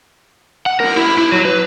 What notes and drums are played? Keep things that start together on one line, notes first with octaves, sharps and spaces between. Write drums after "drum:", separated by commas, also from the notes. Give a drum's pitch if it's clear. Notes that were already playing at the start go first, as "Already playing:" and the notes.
F#5
A#4, drum: cymbal
E4
E4
F#3
B4